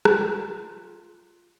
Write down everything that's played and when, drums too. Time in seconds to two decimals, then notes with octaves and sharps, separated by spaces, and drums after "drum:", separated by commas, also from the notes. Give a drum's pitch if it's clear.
0.05 F4, drum: rim click